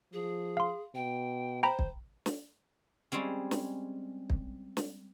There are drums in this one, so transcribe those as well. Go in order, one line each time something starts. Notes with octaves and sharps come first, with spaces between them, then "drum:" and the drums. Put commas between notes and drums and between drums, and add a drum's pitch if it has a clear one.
F3 G#4
F5 C6
B2 G5
C5 G5 A#5 B5
drum: kick
drum: snare
G3 G#3 C4 C#4
drum: snare
drum: kick
drum: snare